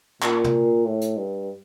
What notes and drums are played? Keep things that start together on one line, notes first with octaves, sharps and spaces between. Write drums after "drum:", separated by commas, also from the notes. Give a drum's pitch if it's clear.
A#2, drum: clap
drum: tom
A2
drum: hi-hat
G2